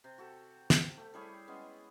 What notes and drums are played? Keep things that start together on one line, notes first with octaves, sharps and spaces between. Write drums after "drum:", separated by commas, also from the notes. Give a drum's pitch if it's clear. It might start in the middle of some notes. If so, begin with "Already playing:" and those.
C3
F#4 G4 A4
drum: snare
A3 G4
G3 E4 G#4 C#5
G#3 B3 C#4